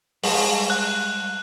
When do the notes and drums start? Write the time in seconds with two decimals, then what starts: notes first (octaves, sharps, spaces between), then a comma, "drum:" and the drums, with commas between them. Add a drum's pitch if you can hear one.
0.23 G3 G#3 G#4, drum: open hi-hat
0.70 F#6